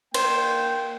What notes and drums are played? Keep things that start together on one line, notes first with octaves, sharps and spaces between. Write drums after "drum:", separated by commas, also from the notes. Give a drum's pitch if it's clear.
A#3 C5 G5, drum: cymbal